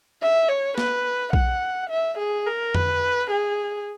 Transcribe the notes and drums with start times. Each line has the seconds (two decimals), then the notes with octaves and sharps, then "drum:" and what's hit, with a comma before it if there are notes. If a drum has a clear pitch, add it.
0.22 E5
0.49 C#5
0.78 B4, drum: snare
1.33 F#5, drum: kick B1
1.90 E5
2.18 G#4
2.47 A#4
2.75 B4, drum: tom F2
3.31 G#4